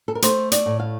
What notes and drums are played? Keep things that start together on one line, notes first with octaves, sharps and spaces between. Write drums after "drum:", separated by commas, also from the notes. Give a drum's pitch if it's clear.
A4
A#4
A3 C5, drum: hi-hat
D5, drum: hi-hat
A2
F5